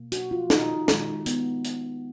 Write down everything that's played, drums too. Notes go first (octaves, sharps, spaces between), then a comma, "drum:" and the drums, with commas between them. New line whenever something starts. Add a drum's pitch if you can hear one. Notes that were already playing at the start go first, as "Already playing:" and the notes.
Already playing: B2 A#3
F#4, drum: hi-hat
F4
D#4, drum: snare
D#3 G#3, drum: snare
B3, drum: hi-hat
drum: hi-hat